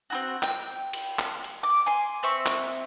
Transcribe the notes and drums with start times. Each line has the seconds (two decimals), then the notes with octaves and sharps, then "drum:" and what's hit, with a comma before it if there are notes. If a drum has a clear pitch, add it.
0.10 C4 E4 F#4
0.43 G5, drum: clap
0.93 drum: cymbal
1.19 drum: clap
1.44 drum: cymbal
1.63 D6
1.86 G#5 C6
2.23 C4 E5 C#6
2.46 drum: clap